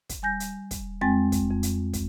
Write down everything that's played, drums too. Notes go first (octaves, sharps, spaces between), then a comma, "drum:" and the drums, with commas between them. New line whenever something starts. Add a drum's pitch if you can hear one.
drum: kick, hi-hat
G3 G#5 G6 A#6
drum: hi-hat
drum: kick, hi-hat
F2 G#3 C4 G5 G#5 A6
drum: kick, hi-hat
F2
drum: hi-hat
drum: kick, hi-hat